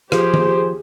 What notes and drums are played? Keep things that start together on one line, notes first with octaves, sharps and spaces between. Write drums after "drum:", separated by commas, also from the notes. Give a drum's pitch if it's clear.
F3 G4 G#4 C5, drum: rim click
drum: tom D#3